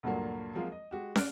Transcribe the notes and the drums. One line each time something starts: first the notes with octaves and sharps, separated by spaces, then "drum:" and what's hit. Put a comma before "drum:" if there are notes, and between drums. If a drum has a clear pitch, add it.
D2 G2 A#2 D3 F#3 A#3
F3 F#3 G#3 A#3 C4 F4
D#5
G#3 F#4 G4
D5 F6 F#6 D7, drum: snare